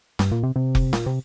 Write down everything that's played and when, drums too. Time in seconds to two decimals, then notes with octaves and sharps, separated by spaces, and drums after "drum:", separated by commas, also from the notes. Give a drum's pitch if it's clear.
0.19 G2, drum: snare
0.31 A#2
0.43 C3
0.56 C3
0.75 drum: kick F1
0.93 A#2, drum: snare
1.06 C3